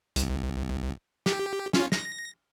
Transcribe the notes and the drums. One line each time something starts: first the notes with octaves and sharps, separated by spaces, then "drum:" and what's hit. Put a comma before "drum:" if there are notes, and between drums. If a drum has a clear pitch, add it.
C2, drum: hi-hat
G4, drum: snare
C#4 F4, drum: snare
A#6, drum: snare